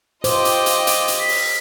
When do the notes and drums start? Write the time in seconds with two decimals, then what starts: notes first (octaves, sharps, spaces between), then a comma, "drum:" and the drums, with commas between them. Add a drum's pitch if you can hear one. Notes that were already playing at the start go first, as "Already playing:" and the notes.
0.24 F4 G4 C5 D#5 G5 D6, drum: hi-hat
0.45 drum: hi-hat
0.66 drum: hi-hat
0.87 drum: hi-hat
1.08 drum: hi-hat
1.20 B6
1.29 drum: open hi-hat